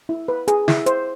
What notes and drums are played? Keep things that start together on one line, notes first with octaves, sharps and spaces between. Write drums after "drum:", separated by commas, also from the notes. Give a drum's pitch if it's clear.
E4
B4
G#4, drum: hi-hat
E4, drum: snare
C5, drum: hi-hat